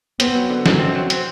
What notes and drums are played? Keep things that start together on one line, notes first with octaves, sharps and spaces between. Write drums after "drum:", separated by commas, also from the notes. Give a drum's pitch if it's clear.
B3 C4, drum: hi-hat
F#3
D3
F#2, drum: snare
C4
F#3
C4, drum: hi-hat